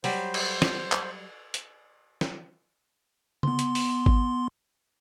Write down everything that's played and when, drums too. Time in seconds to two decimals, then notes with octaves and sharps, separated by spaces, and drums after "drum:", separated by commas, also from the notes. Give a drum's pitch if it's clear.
0.04 F#3 G3 C5, drum: open hi-hat
0.34 drum: cymbal
0.62 drum: snare
0.92 drum: clap
1.54 drum: hi-hat
2.21 drum: snare
3.43 B3 C6, drum: tom C#3
3.59 drum: hi-hat
3.75 drum: open hi-hat
4.06 drum: kick G#1